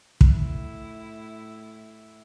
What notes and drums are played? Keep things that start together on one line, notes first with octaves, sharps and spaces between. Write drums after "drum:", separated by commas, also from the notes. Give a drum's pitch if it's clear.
A2 E4, drum: kick